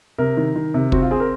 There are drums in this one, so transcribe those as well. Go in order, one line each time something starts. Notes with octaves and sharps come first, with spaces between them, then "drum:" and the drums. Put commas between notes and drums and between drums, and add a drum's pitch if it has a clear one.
C3 A#4
D#3
D#3
C3
C4 F#4, drum: kick
F4
C4 G#4
A#4